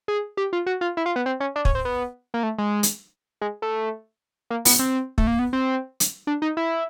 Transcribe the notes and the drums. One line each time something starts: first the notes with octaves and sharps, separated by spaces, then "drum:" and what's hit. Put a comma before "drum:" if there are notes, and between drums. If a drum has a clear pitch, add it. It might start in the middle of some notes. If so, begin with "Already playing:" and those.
G#4
G4
F4
F#4
F4
E4
F4
B3
C4
C#4
D4
C#4, drum: kick
C4
B3
A#3
A3
G#3
drum: hi-hat
G#3
A3
A#3
B3, drum: open hi-hat
C4
A3, drum: kick
A#3
B3
C4
drum: hi-hat
D4
D#4
E4